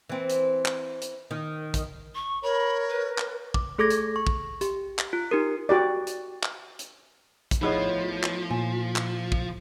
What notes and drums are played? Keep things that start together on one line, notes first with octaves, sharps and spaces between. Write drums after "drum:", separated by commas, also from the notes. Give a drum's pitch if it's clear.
E3 C4
drum: hi-hat
drum: clap
drum: hi-hat
D#3
drum: kick, hi-hat
C#6
A#4 C#5 B5
B4
drum: clap
D6, drum: kick
A3 G#4 A4 D6 G#6 A#6
drum: hi-hat
C#6
drum: kick
G4, drum: hi-hat
drum: clap
F4
D#4 G4 A#4
F#4 G4 D5
drum: hi-hat
drum: clap
drum: hi-hat
drum: kick, hi-hat
A2 F3 B3 D#4 G#4 C#5 D#5
drum: clap
A#2 G#5
drum: clap
drum: kick